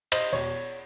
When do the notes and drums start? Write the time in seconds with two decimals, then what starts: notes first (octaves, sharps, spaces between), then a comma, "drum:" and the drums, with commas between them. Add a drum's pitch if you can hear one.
0.12 C5 D#5, drum: cymbal
0.33 E1 C#5